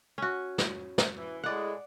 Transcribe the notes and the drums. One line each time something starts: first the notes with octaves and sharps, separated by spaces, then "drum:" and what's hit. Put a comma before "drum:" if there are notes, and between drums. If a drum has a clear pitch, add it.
C#4 F#4
drum: snare
drum: snare
E3
A2 G#3 D5 F#5